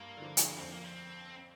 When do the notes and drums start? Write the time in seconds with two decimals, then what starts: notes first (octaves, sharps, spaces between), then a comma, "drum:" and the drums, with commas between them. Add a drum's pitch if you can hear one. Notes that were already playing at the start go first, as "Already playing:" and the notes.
Already playing: G2 A#3
0.17 D3 F3
0.37 drum: hi-hat
0.58 F2 C4
0.71 A#3
0.84 C4